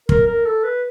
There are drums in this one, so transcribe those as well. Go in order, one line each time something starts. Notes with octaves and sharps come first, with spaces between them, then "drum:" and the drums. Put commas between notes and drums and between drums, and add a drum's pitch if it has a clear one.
A#4, drum: kick
A#4
A4
B4